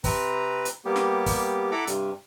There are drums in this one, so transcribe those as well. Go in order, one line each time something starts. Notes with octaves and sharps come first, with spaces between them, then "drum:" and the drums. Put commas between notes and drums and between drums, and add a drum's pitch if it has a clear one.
C3 C4 B4 A#5, drum: kick, open hi-hat
drum: hi-hat
G3 A#3 B3 G4
drum: snare
drum: kick, open hi-hat
E4 A4 F#5 A#5 B5 D6
G2 C3 G3, drum: hi-hat